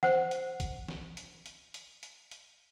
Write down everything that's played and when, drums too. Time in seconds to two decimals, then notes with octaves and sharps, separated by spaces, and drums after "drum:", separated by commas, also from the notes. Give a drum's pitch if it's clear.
0.03 C5 F#5, drum: snare
0.31 drum: hi-hat
0.60 drum: kick, hi-hat
0.88 drum: snare
1.17 drum: hi-hat
1.46 drum: hi-hat
1.74 drum: hi-hat
2.03 drum: hi-hat
2.31 drum: hi-hat